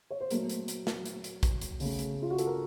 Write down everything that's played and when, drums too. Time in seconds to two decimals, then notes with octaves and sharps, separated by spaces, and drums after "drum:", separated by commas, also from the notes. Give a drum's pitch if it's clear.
0.10 C#5
0.20 C5
0.31 A#2 F#3 A3 A#4, drum: hi-hat
0.49 drum: hi-hat
0.68 drum: hi-hat
0.87 drum: snare
1.05 drum: hi-hat
1.24 drum: hi-hat
1.43 drum: kick, hi-hat
1.61 drum: hi-hat
1.80 C#3 A3, drum: open hi-hat
1.99 drum: hi-hat
2.22 F4
2.30 F#4
2.38 A4, drum: hi-hat
2.47 A#4